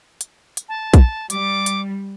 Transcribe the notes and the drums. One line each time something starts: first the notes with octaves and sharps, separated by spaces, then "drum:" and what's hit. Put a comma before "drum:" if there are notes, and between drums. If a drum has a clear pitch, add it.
drum: hi-hat
drum: hi-hat
A5
drum: kick, hi-hat
G3 D6, drum: hi-hat
drum: hi-hat